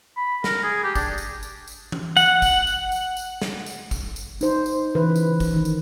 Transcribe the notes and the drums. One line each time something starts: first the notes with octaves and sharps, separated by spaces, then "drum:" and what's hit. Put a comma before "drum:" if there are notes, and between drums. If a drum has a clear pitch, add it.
B5
A#4, drum: snare
G#4
G4
D4, drum: kick, tambourine
drum: tambourine
drum: tambourine
drum: tambourine
drum: tom E3
F#5, drum: tambourine
drum: kick, tambourine
drum: tambourine
drum: tambourine
drum: tambourine
drum: snare
drum: tambourine
drum: kick, tambourine
drum: tambourine
D#4 C5, drum: tambourine
drum: tambourine
C#3 E3 B4
drum: tambourine
drum: kick, tambourine
D#3
drum: tambourine